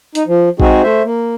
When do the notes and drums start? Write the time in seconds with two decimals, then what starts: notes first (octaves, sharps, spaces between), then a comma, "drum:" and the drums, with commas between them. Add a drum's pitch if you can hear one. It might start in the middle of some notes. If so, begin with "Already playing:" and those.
0.15 D#4, drum: hi-hat
0.27 F3
0.60 G#3 C4 D#4 F#4 G#4, drum: kick A#1
0.83 A3 C5 E5
1.04 A#3